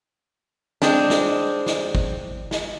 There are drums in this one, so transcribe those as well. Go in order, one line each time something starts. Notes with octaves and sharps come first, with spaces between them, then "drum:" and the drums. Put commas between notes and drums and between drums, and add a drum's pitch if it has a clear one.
G#3 C4 D4, drum: snare
drum: snare
drum: snare
drum: kick
drum: snare